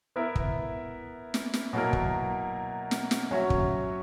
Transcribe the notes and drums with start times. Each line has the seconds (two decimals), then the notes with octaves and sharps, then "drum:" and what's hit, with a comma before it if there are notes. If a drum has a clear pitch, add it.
0.16 B3 E4 A#4 E5
0.36 drum: kick
1.34 drum: snare
1.54 drum: snare
1.73 B2 F#3 A#3 E4 A#4
1.93 drum: kick
2.91 drum: snare
3.11 drum: snare
3.31 F#3 C#4 F#4 C#5 E5
3.50 drum: kick